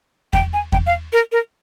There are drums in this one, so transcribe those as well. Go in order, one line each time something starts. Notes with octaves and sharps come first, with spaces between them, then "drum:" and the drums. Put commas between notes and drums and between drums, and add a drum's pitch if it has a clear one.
G5, drum: kick E2
G#5
G5, drum: kick E2
F5
A#4
A#4